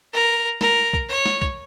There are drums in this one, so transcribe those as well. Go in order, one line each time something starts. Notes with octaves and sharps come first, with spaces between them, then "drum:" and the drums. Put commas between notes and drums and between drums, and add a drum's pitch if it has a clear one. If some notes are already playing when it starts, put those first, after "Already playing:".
A#4
A#4, drum: snare
drum: kick
C#5
drum: snare
drum: kick